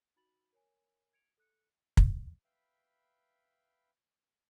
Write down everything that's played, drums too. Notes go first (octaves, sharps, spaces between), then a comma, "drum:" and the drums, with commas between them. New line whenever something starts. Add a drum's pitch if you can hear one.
D#4 F#4 B5 A6 F#7
A#4 C#5 G#5
G#6 C#7 D7 F7
A4 F#6 C#7
drum: kick
B4 E5 F5 G5 B5